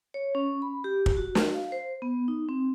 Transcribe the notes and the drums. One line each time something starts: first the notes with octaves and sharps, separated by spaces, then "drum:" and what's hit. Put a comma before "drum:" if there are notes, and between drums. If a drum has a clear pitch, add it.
C#5
C#4
B5
G4
drum: kick
F#4
drum: snare
F5
C5
B3
D#4
C4